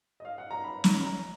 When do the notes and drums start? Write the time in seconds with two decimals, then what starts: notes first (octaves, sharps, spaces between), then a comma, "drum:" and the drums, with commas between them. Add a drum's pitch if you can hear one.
0.20 D#5
0.25 F5
0.38 F#5
0.51 A#5
0.64 B5
0.84 A#5, drum: snare
1.03 A#5